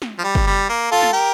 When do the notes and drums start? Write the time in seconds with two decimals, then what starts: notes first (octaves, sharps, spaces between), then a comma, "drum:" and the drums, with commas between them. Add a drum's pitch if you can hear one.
0.02 drum: snare
0.19 F3
0.24 G3
0.35 drum: kick
0.47 G3
0.69 A#3
0.92 F4 A4
1.02 drum: snare
1.13 G4 A#4